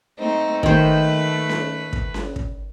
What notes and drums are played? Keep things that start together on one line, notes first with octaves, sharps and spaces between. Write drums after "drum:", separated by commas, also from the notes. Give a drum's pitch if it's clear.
A3 C4 D#4
D#3 A3 B4 C5, drum: kick
drum: snare C#4
drum: kick
drum: snare C#4
drum: kick